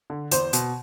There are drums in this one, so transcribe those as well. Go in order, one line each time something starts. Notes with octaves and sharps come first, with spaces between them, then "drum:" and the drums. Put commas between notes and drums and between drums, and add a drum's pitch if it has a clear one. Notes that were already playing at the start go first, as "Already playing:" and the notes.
D3
E2 C5, drum: hi-hat
B2, drum: hi-hat